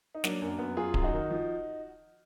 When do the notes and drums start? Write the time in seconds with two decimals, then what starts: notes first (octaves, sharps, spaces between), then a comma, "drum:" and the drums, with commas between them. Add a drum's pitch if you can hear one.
0.15 D#4
0.24 F#3 A#3 D4, drum: snare
0.41 F#2 A#3 D4
0.59 F#2 B3
0.77 F#2 F4 G#4
0.94 F#2, drum: kick D1
1.03 D#4 F#4
1.13 D#3
1.30 F3